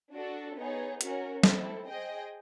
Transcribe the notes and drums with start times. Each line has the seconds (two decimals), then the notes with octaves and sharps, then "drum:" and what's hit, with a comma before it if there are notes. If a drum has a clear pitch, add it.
0.13 D4 F#4 A4
0.57 B3 D#4 G#4 C#5
1.01 C#4 F#4 A#4, drum: hi-hat
1.44 C4 E4 A4, drum: snare
1.86 G#4 C5 D#5 G5